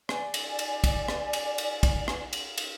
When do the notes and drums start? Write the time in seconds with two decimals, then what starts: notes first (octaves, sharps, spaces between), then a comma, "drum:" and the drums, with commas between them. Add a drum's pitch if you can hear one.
0.09 D5 G#5, drum: rim click
0.34 drum: cymbal
0.59 drum: cymbal
0.84 drum: kick, cymbal
1.08 drum: rim click
1.33 drum: cymbal
1.58 drum: cymbal
1.83 drum: kick, cymbal
2.08 drum: rim click
2.33 drum: cymbal
2.58 drum: cymbal